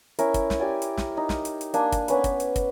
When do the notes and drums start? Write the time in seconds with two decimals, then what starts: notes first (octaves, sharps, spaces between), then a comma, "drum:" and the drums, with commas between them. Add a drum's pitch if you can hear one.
0.19 C#4 E4 A#4, drum: hi-hat
0.34 drum: kick, hi-hat
0.50 drum: snare
0.59 G4 D5 G#5
0.82 drum: hi-hat
0.97 drum: snare
1.17 D#4
1.29 drum: snare
1.45 drum: hi-hat
1.61 drum: hi-hat
1.74 A#3 D4 G#5, drum: hi-hat
1.92 drum: kick, hi-hat
2.08 B3 C#4 B4, drum: hi-hat
2.24 drum: kick, hi-hat
2.40 drum: hi-hat
2.56 drum: kick, hi-hat